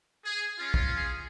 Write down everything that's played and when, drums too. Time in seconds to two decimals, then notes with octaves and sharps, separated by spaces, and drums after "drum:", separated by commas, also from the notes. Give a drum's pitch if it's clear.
0.25 G#4
0.59 G#3 C#4 F4
0.74 drum: kick
0.94 G#4